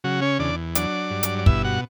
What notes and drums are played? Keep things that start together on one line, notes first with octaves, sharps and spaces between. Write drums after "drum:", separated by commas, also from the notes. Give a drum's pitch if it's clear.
C#3 F#3 F#4
C#4 C#5
E2 D4 D5
F#3 D4 D5, drum: hi-hat
G2
drum: hi-hat
D5
B2 E4 E5, drum: kick
F#4 F#5